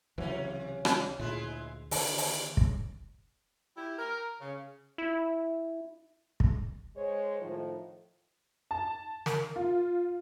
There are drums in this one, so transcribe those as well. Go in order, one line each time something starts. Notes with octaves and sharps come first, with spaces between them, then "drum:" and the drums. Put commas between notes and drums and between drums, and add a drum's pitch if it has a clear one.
C#2 C3 E3 F#3 C#4
drum: rim click
D2 A#2 G#3 E4 F4
D#2 D3, drum: open hi-hat
drum: open hi-hat
drum: kick
E4 G4
A#4
C#3
E4
drum: kick
G#3 C5 C#5
A2 D#3 F3
A5
A#4, drum: snare
F4